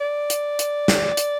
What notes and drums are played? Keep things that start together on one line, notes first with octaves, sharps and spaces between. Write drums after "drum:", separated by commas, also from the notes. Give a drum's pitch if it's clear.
D5
drum: hi-hat
drum: hi-hat
drum: snare
drum: hi-hat